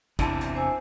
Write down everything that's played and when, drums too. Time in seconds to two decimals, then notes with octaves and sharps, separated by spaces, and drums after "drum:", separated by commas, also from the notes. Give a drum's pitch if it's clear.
0.19 E2 C3 D4 E4 A5, drum: kick, hi-hat
0.41 drum: hi-hat
0.55 C5 G#5 E6